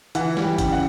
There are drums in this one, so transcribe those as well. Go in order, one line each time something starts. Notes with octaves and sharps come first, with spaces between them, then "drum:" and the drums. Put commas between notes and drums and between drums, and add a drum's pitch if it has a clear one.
E3 F#5, drum: hi-hat
G3, drum: snare
G5
C#3, drum: kick, hi-hat
F#5